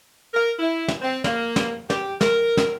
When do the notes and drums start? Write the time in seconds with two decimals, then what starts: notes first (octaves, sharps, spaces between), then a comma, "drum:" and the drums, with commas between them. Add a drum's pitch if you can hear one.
0.34 A#4
0.59 E4
0.88 drum: snare
1.02 C4
1.24 A#3, drum: snare
1.56 drum: snare
1.90 G4, drum: snare
2.21 A#4, drum: snare
2.57 drum: snare